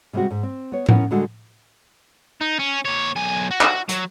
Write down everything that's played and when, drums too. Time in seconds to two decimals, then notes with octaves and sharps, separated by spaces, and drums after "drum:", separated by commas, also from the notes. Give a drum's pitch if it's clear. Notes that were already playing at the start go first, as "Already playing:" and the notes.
0.13 C3 G3 G#3 C4 F#4
0.31 G#2
0.43 C4
0.72 B3 C#5
0.89 B3 C#4 E4 A#4 F#5, drum: tom A2
1.11 D3 G3 G#3 F#4 A4
2.41 D#4
2.59 C#4
2.85 A#3 C#5
3.16 B1 G#5
3.51 F#4
3.61 drum: clap
3.89 F#3, drum: hi-hat